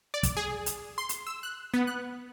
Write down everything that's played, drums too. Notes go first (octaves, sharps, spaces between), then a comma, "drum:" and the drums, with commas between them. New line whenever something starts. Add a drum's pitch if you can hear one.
D5
drum: kick, hi-hat
G#4
drum: hi-hat
C6
drum: hi-hat
E6
F#6
B3
F#6